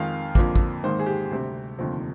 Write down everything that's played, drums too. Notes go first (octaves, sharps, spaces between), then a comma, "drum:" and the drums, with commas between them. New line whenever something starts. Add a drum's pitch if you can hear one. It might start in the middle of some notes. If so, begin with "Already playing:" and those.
Already playing: F2 D#3 G#3 F5
F2 D3 F3 A#3, drum: kick
drum: kick
G#1 G#2 D#3 A#3 C5
G#4
G4
D2 C3 G3 C4
F1 D#2 D3 F3 C4